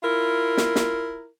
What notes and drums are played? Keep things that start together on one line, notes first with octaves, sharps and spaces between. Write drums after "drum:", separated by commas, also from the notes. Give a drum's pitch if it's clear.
E4 F4 A#4
drum: snare
drum: snare